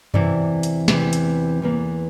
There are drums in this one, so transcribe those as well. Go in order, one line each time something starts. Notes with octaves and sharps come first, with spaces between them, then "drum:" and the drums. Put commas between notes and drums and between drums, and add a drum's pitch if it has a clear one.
E2 C3 E3 D5, drum: tom F#2
drum: hi-hat
E2 C3 E3, drum: snare
drum: hi-hat
E2 E3 A#3